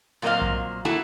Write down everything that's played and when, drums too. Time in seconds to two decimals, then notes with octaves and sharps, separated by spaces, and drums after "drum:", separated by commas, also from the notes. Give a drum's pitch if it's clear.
0.22 A#2 F#3 A#3 C4 D#5 F5
0.42 drum: kick
0.85 A3 A#3 E4 F#4 A5